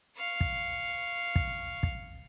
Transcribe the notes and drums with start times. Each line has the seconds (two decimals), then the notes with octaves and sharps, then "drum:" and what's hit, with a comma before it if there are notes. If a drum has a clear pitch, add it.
0.17 F5 C#6
0.41 drum: kick
1.36 drum: kick
1.83 drum: kick